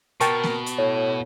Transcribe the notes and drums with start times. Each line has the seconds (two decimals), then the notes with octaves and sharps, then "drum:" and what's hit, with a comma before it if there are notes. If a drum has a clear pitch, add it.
0.21 B2 A#4 G5 A5 C#6, drum: hi-hat
0.43 drum: snare A#3
0.66 drum: hi-hat
0.78 A2 C#5